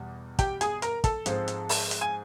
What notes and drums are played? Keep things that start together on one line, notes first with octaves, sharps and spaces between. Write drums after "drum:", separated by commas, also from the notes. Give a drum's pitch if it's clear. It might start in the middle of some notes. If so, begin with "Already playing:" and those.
Already playing: E2 B2 G3
G4 G5, drum: kick, hi-hat
G#4 G#5, drum: hi-hat
A#4 A#5, drum: hi-hat
A4 A5, drum: kick, hi-hat
G#2 F3 G#3 C4, drum: hi-hat
drum: hi-hat
drum: open hi-hat
drum: hi-hat
G#5